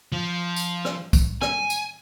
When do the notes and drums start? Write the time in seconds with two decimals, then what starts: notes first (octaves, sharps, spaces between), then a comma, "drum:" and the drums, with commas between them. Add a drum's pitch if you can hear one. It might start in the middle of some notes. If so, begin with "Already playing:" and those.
0.12 F3
0.56 drum: tambourine
0.85 drum: rim click
1.13 drum: kick C2, tambourine
1.42 G#5, drum: rim click
1.70 drum: tambourine